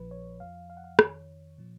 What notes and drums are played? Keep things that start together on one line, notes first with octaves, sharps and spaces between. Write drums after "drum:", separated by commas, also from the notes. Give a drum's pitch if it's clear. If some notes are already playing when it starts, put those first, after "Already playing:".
Already playing: A#1 A#2 F3 B4
C#5
F2 F3 F5
F5
F#5
F5
F2 D#3 C#5, drum: rim click
A#2 F3